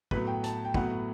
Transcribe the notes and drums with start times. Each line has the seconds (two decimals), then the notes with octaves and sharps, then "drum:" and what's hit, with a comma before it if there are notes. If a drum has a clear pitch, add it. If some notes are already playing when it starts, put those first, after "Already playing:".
0.11 A2 F#3 B3 B4, drum: kick
0.27 G5
0.44 A5, drum: hi-hat
0.65 G5
0.74 A2 F#3 B3 F#5, drum: kick